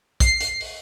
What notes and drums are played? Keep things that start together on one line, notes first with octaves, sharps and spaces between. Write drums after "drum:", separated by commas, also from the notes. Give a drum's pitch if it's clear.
C7, drum: kick, hi-hat
drum: hi-hat
drum: open hi-hat